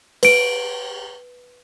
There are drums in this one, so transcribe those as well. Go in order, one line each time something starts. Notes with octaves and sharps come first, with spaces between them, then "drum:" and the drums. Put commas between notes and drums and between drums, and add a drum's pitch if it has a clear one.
B4 D7, drum: cymbal